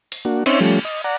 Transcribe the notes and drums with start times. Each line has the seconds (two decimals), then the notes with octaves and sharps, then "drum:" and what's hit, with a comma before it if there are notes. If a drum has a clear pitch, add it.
0.12 drum: open hi-hat
0.25 A#3 D4 F#4
0.46 C4 C#4 D#4 C5 C#5 E5, drum: cymbal
0.60 F3 G3 A3 C#4
0.85 D#5
1.04 D5 F#5 A#5